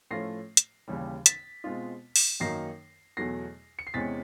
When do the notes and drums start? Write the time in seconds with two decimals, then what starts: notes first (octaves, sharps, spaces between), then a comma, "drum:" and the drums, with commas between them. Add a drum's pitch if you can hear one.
0.11 A2 F3 A3 C#4 F4 A#6 C7
0.57 drum: hi-hat
0.88 D#2 C#3 E3 G3
1.26 A6 B6, drum: hi-hat
1.64 B2 G#3 C4 F4
2.16 drum: open hi-hat
2.40 F#2 D#3 F#3 A#3 D#4 A#6 C7
3.17 E2 B2 F#3 A3 A#6 C7
3.79 C#7
3.87 C7
3.94 E2 C3 E3 G#3 C#4 A6 B6